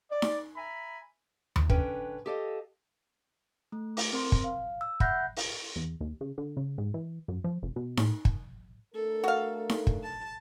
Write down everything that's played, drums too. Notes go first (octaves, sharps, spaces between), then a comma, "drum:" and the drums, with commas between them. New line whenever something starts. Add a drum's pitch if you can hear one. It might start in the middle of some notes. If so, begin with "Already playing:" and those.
D5
drum: snare D#4
E5 G#5 A#5 B5
drum: tom D#2
D3 C#4 B4 G5, drum: kick
G4 A4 D#5 F5
A3
D6, drum: open hi-hat
C4 A#4 C6
drum: kick
F5
E6
E5 F#5 B5 F#6 G6 A#6, drum: kick
drum: open hi-hat
E2
D#2
C#3
D3
C#3
G#2
E3
F#2
F3
F1
B2
A2, drum: snare D#4
drum: kick
A3 D4 A4 A#4
F#4 F5
drum: snare D#4
drum: kick
A5